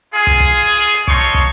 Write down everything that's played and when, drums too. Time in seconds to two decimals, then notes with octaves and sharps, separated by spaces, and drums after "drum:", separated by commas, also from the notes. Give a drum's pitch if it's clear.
0.14 F4 G#4
0.27 drum: kick
0.40 drum: kick, hi-hat
0.67 drum: hi-hat
0.94 drum: hi-hat
1.08 D#4 F4 A4 C#5 C6 C#6, drum: kick
1.21 drum: hi-hat
1.34 drum: kick